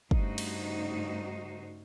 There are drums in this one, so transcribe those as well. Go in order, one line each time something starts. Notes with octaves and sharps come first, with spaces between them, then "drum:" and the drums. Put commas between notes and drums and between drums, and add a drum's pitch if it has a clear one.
G2 C#3 A3 D#4 F#4 C5, drum: kick
drum: cymbal